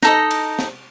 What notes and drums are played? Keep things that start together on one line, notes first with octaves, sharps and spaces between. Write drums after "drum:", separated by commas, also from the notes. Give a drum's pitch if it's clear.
D#4 A4 D#5, drum: snare
drum: cymbal
drum: snare